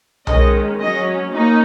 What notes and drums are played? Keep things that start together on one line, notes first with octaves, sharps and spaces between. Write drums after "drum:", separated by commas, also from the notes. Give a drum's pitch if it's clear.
D#3 G#3 C#4 D#5, drum: tom B1
F#3 C#4 D#5
A#3 C#4 D#4